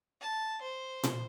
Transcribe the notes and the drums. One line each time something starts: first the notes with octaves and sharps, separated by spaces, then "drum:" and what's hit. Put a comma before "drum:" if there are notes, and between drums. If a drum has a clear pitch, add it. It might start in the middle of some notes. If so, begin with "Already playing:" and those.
A5
C5
drum: tom A#2